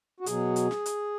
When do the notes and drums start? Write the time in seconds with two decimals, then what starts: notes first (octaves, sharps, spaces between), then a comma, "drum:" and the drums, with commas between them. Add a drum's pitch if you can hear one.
0.20 F#4
0.26 B2 F#3 G#4, drum: hi-hat
0.56 drum: hi-hat
0.71 drum: snare
0.86 drum: hi-hat